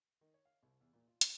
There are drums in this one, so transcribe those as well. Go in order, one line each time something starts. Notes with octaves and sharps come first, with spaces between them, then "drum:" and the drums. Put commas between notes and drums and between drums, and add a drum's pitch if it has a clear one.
D#3
C#5
F5
C2
E2
A#2
F4
D4, drum: hi-hat